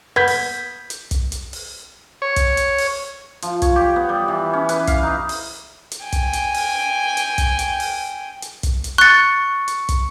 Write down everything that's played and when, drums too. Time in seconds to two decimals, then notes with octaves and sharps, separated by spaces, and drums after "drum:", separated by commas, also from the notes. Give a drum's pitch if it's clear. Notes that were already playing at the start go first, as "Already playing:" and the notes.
0.16 B3 G6 G#6 B6
0.28 drum: open hi-hat
0.90 drum: hi-hat
1.11 drum: kick, hi-hat
1.32 drum: hi-hat
1.53 drum: open hi-hat
2.22 C#5
2.37 drum: kick, hi-hat
2.57 drum: hi-hat
2.78 drum: open hi-hat
3.43 F3, drum: hi-hat
3.62 C#5, drum: kick, hi-hat
3.76 G4
3.96 B3
4.09 G3
4.28 E3
4.53 C#4
4.69 B4, drum: hi-hat
4.88 F5, drum: kick, hi-hat
5.03 D#4
5.29 drum: open hi-hat
5.92 drum: hi-hat
6.04 G5 G#5
6.13 drum: kick, hi-hat
6.34 drum: hi-hat
6.54 drum: open hi-hat
7.17 drum: hi-hat
7.38 drum: kick, hi-hat
7.59 drum: hi-hat
7.80 drum: open hi-hat
8.42 drum: hi-hat
8.63 drum: kick, hi-hat
8.84 drum: hi-hat
8.98 C#6 F#6 A6 C#7
9.68 drum: hi-hat
9.89 drum: kick, hi-hat